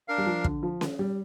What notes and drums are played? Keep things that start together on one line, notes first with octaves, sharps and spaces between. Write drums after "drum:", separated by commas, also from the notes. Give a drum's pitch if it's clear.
D4 A#4 F5
G3
F3
D3, drum: kick
F3
drum: snare C#4
G3